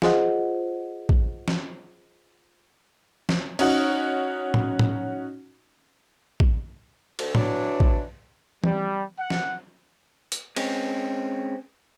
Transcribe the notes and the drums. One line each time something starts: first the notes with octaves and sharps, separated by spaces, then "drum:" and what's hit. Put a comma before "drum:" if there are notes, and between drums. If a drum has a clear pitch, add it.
F4 G#4 C5 D#5 F#5, drum: snare
drum: kick
drum: snare
drum: snare
C#4 D#4 F#4, drum: cymbal
drum: tom A2
drum: tom A2
drum: kick
D2, drum: cymbal
E3 F#3 D4, drum: tom A2
drum: kick
G3, drum: tom E3
F#5
drum: snare
drum: hi-hat
G#3 C4 C#4, drum: cymbal